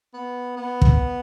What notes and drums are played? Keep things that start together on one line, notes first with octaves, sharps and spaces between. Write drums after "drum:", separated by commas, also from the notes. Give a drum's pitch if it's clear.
B3
B3
drum: kick